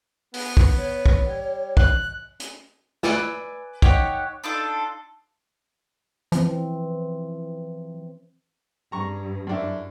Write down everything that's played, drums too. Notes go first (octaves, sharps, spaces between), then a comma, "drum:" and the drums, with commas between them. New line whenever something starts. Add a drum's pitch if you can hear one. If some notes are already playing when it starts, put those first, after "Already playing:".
B3, drum: open hi-hat
drum: kick
C#5
drum: kick
G3
F#6, drum: kick
drum: hi-hat
B4 D5 G#5 E6, drum: snare
D#4 G4 C#5 F#5, drum: kick
D4 D#4 F4 A4
E3 F3 C4, drum: hi-hat
G2 A#5 C#6
F#2 D4 E4